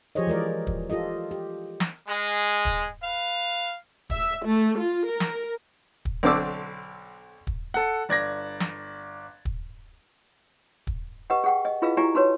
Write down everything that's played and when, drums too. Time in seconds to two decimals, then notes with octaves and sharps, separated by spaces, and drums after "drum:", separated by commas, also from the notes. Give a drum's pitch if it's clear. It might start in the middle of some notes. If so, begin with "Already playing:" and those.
0.15 F3 G4 G#4 C5 C#5 D#5
0.27 E3 G#3 A#4 D5
0.67 drum: kick
0.90 F4 G4 A4 D#5
1.31 G4
1.80 drum: snare
2.08 G#3
2.65 drum: kick
3.03 B4 F5
4.10 E5, drum: kick
4.45 A3
4.77 F4
5.08 A#4
5.20 drum: snare
6.05 drum: kick
6.23 B1 D3 C4 D4 D6 E6
7.47 drum: kick
7.74 A4 F#5
8.09 G1 D5 G#6 A#6
8.60 drum: snare
9.45 drum: kick
10.87 drum: kick
11.30 G4 B4 D#5 F#5
11.44 G#4 F#5 G5
11.65 D#5
11.82 E4 F4 G#4 B4 D#5 F5
11.97 E4 F4 G4 D5 G#5 A#5
12.15 D#4 F#4 B4 C#5